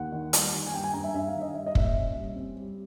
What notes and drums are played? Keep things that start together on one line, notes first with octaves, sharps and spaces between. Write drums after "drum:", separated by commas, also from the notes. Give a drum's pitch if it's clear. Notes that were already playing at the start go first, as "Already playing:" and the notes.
Already playing: D#2 F#5
D#3
G3, drum: hi-hat
D#2
G#5
G2 G5
G#5
G2 A#5
E5
G2 E5
F5
D#3
D#5
G3 E5
D#5
A#2 E5, drum: kick
C#4
G3
C4
G3